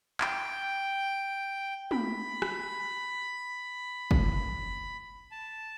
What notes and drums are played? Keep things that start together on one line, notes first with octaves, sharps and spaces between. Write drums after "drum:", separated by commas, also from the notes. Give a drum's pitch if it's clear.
G5, drum: clap
B5, drum: tom
drum: rim click
drum: kick
A5